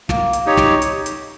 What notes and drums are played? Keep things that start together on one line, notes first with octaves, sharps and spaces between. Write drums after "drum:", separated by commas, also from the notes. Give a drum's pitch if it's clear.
A#3, drum: snare
drum: hi-hat
D#4 G4 C#5
drum: snare
drum: hi-hat
drum: hi-hat